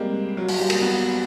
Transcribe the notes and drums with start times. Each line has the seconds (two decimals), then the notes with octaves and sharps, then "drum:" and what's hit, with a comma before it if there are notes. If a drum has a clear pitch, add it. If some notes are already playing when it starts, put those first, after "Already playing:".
Already playing: G3 G#3 A#3 C4
0.37 F#3
0.48 F#3, drum: open hi-hat
0.59 G3
0.70 A#3, drum: cymbal
0.81 B3